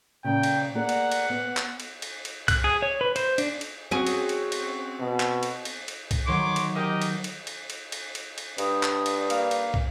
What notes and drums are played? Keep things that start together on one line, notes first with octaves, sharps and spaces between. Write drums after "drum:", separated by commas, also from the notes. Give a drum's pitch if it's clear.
A#2 C#3 G5
drum: cymbal
A#3 G#4 D5 F#5
drum: cymbal
drum: cymbal
B3
drum: clap
drum: cymbal
drum: cymbal
drum: cymbal
F#6, drum: kick, cymbal
G#4
C#5
B4
C5, drum: cymbal
D4, drum: cymbal
drum: cymbal
C4 C#4 F#4 G#4 C#5
drum: cymbal
drum: cymbal
drum: cymbal
B2
drum: clap
drum: cymbal
drum: cymbal
drum: cymbal
drum: kick, cymbal
D#3 F#3 C#5 C6 D6
drum: cymbal
G4 A#4 D#5
drum: cymbal
drum: cymbal
drum: cymbal
drum: cymbal
drum: cymbal
drum: cymbal
drum: cymbal
G2 D4 D#6, drum: cymbal
drum: clap
drum: cymbal
A#3 F5, drum: cymbal
drum: cymbal
drum: kick